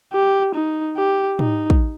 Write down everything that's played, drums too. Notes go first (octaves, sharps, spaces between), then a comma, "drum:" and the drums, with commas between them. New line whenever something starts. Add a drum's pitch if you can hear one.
G4
D#4
G4
D#4, drum: tom
drum: kick